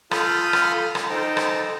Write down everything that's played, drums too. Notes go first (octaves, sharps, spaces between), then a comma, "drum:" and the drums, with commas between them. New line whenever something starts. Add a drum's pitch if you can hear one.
F4 A4 B5 D#6 F6 G6, drum: rim click
drum: rim click
drum: rim click
D#4 A4 C5 G5 A5 A#5
drum: rim click